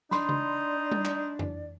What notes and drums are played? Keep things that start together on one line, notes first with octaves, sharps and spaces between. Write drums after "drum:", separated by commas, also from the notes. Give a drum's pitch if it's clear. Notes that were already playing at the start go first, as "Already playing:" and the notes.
D4 D#4 D5 B5 C6, drum: snare
drum: tom C#3
drum: tom G3
drum: clap
drum: tom F2